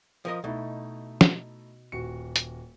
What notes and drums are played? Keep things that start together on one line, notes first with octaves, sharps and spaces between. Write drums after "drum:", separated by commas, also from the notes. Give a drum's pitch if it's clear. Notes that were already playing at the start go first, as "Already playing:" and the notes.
F3 A#4 D#5
B2 A3 D#4 E4
drum: snare
D#1 F#4 C#7
drum: hi-hat